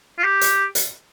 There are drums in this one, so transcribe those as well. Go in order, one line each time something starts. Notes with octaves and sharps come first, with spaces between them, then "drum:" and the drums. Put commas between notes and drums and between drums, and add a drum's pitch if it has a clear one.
F4
G4
drum: hi-hat
drum: hi-hat